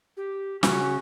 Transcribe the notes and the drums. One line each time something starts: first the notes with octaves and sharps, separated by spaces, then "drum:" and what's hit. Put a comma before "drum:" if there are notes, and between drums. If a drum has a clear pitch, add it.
G4
C#3 C#4 F#4, drum: snare